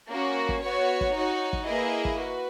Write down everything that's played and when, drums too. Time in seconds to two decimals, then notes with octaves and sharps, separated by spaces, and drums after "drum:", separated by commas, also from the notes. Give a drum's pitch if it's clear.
0.09 A#3 C#4 F#4
0.49 drum: kick
0.62 B3 F#4 C#5
1.01 drum: kick
1.14 D#4 F#4 C#5
1.53 drum: kick
1.66 A#3 E4 G#4 B4 D#5
2.05 drum: kick
2.18 F#4 B4